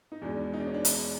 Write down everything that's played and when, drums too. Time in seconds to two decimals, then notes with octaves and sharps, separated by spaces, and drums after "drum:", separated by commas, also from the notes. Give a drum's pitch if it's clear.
0.12 D#4
0.22 E2 B2 G#3 D4
0.54 D#4
0.60 D4
0.67 C#4
0.74 D4
0.85 drum: hi-hat